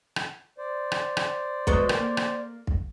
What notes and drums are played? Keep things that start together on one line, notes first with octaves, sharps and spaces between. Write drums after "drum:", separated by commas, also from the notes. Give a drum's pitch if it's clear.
drum: rim click
C5 D5
drum: rim click
drum: rim click
F#3 G#3 B3, drum: kick
A#3, drum: rim click
drum: rim click
drum: kick